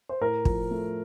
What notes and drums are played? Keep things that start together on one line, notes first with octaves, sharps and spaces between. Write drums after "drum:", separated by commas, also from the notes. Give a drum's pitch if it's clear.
C5
A2 A#4
F3, drum: kick
A3